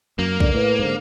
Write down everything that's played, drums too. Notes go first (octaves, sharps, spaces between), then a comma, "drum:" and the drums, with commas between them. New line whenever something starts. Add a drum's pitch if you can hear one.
F#2 A#3
F#1 D3 D5, drum: kick B1
A2 B4
G#2 D3 C5